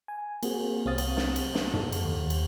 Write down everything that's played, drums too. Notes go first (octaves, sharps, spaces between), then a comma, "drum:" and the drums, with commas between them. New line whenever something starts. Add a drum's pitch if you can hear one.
G#5
A#3 C4 F#4 G#4, drum: cymbal
C2 C4 C#5 F5 D#6 A6
drum: cymbal
drum: snare
drum: cymbal
drum: snare
A4, drum: tom
drum: cymbal
D#2
drum: cymbal